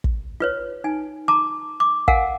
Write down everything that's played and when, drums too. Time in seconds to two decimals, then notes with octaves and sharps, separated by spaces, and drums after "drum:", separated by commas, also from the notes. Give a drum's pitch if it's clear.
0.04 drum: kick
0.40 F4 B4 C#5
0.84 D#4 G#5
1.28 A5 A#5 D6
1.80 D6
2.08 A#4 F5 F#5 G#5, drum: kick